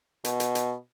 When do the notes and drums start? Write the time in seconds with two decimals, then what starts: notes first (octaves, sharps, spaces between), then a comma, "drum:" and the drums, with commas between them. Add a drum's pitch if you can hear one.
0.25 B2, drum: hi-hat
0.40 drum: hi-hat
0.55 drum: hi-hat